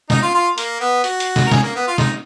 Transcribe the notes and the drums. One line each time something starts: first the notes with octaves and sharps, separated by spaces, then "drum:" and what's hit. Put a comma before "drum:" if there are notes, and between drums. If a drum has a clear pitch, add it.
D#4, drum: snare
F4
F4
A#3, drum: hi-hat
B3
F#4, drum: hi-hat
drum: hi-hat
drum: snare
A#4
G#4, drum: snare
A#3
B3
F4
D#4, drum: snare